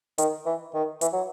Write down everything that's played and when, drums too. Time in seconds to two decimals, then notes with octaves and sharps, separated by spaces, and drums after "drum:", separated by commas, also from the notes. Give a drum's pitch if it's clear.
0.18 D#3, drum: hi-hat
0.46 E3
0.74 D#3
1.01 E3, drum: hi-hat
1.13 F#3